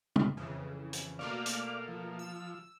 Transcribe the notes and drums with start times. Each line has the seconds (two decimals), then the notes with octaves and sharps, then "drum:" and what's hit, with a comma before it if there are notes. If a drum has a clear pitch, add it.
0.16 drum: tom
0.37 F2 C#3 E3
0.93 drum: hi-hat
1.19 B2 A3 A#3 D5 F5
1.46 drum: hi-hat
1.88 F3
2.19 E6